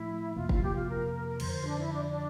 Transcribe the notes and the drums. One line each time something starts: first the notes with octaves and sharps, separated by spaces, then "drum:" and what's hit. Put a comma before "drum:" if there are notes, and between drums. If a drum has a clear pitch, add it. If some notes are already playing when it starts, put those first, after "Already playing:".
Already playing: A2 F3 A3 E4
F2 C3 F3 A#3 F4
F4, drum: kick
G4
F4
A#4
A#4
F2 D3 F3 C5, drum: cymbal
C5
D4
E4
D4
D4